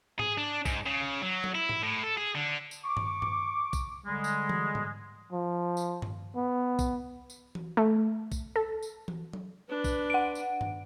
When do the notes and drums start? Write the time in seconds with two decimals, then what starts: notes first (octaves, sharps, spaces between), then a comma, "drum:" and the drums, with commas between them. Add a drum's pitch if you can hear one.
0.19 G#4, drum: tom G#2
0.38 D4
0.65 G#2, drum: kick A#1, tambourine
0.86 C#3
1.22 F#3
1.44 drum: tom F#3
1.55 E4
1.69 drum: tom G#2
1.82 A2
2.03 A4
2.17 G#4
2.35 D3
2.71 drum: tambourine
2.85 C#6 D6
2.97 drum: tom G2
3.22 drum: tom G2
3.73 drum: kick A#1, tambourine
4.05 D3 G3 G#3
4.24 drum: tambourine
4.49 drum: tom E3
4.75 drum: tom G#2
5.33 F3
5.77 drum: tambourine
6.02 drum: tom G2
6.36 B3
6.79 drum: kick A#1, tambourine
7.30 drum: tambourine
7.55 drum: tom E3
7.77 A3
8.32 drum: kick A#1, tambourine
8.56 A4
8.83 drum: tambourine
9.08 drum: tom E3
9.33 drum: tom F#3
9.69 D4 B4
9.84 drum: kick A#1, tambourine
10.10 F#5 D7
10.35 drum: tambourine
10.61 drum: tom G2